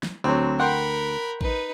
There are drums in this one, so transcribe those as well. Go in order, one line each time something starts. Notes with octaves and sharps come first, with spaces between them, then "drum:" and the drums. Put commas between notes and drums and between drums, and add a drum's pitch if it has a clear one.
drum: snare
D2 F#3 C4
A#4 F#5 G5 B5 C6
D#4 B4, drum: kick A1